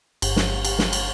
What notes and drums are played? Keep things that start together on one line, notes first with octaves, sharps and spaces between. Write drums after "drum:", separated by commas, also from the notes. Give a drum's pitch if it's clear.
G1, drum: cymbal
drum: snare
drum: cymbal
drum: snare
drum: cymbal